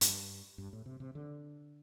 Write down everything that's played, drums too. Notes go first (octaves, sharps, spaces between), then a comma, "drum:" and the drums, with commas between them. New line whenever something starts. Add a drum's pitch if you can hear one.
G2, drum: hi-hat
G2
A2
C3
C3
D3